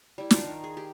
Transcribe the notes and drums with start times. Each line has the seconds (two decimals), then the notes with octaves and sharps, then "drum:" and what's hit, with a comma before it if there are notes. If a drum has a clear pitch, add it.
0.18 G3 E4
0.31 D4 F4 A#4, drum: snare
0.44 D#3
0.64 G#4
0.77 G4